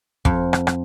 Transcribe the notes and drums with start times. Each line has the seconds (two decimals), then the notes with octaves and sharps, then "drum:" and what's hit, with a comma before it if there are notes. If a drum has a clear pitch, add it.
0.25 F2, drum: kick
0.53 drum: rim click
0.67 drum: rim click